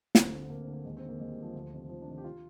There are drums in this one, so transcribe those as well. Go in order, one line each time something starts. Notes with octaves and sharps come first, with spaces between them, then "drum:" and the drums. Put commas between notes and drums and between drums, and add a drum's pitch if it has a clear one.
D2 C4, drum: snare
D3
D2 A#3
C4
D3
A#3
D#2 G#3
C4
D3
A#3
D#2 G#3
G3
D3
F3
D2
C3 D#3
D2 F3
D4
C3 D#3
G4
F4